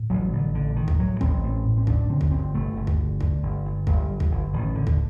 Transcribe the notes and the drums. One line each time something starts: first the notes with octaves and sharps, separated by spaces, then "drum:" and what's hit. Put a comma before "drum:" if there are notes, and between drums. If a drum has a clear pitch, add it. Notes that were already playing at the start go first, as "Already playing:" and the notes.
Already playing: A2
A1 F#3
A1 D3
A2 D3
A2 D#3
drum: kick
A2 F#3
A1 C4, drum: kick
A1
A2
C4
F#2 D4, drum: kick
D3 C4
drum: kick
G1 C4
G1 A3
G1
drum: kick
D3
D3, drum: kick
G1
G1
G1 G3, drum: kick
F#2
drum: kick
G1
A1 D#3
A2 D3
drum: kick